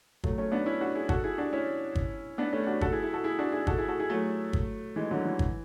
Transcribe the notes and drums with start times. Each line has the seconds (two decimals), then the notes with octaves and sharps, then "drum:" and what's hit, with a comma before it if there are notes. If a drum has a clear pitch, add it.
0.24 F#3 A3, drum: kick G1
0.38 A3 C#4
0.52 B3 D4
0.66 C#4 E4
0.81 D4 F#4
0.95 E4 G#4
1.09 F#4 A4, drum: kick G1
1.24 E4 G#4
1.38 D4 F#4
1.53 C#4 E4
1.95 drum: kick G1
2.38 B3 D4
2.53 A3 C#4
2.67 D4 F#4
2.81 F#4 A4, drum: kick G1
2.92 E4 G#4
3.03 E4 G#4
3.13 F#4 A4
3.24 E4 G#4
3.39 D4 F#4
3.52 E4 G#4
3.67 F#4 A4, drum: kick G1
3.78 E4 G#4
3.88 F#4 A4
4.00 E4 G#4
4.10 F#3 A3
4.53 drum: kick G1
4.96 E3 G#3
5.11 D3 F#3
5.25 E3
5.39 drum: kick G1